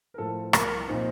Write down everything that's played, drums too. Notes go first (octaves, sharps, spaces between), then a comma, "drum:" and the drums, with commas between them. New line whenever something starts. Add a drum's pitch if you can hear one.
A#4
A2 F3 A4
C2 A#4, drum: rim click
A#2 F3 C4 D#4